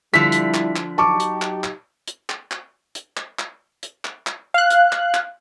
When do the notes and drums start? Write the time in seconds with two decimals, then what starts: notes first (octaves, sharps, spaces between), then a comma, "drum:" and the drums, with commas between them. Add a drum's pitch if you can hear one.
0.14 D3 F3 G3 E4 B6
0.32 drum: hi-hat
0.54 drum: clap
0.76 drum: clap
0.98 F#3 D#4 G4 A5 C#6 D6
1.20 drum: hi-hat
1.42 drum: clap
1.64 drum: clap
2.08 drum: hi-hat
2.29 drum: clap
2.51 drum: clap
2.95 drum: hi-hat
3.17 drum: clap
3.39 drum: clap
3.83 drum: hi-hat
4.05 drum: clap
4.27 drum: clap
4.54 F5 F#6
4.70 drum: hi-hat
4.92 drum: clap
5.14 drum: clap